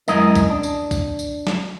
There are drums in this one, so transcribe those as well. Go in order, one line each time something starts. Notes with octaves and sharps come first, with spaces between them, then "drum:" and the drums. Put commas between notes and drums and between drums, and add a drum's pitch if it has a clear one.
F#2 G#3 E4 A#4 D#5, drum: tambourine
drum: kick, tambourine
D4
drum: tambourine
drum: kick, tambourine
drum: tambourine
drum: snare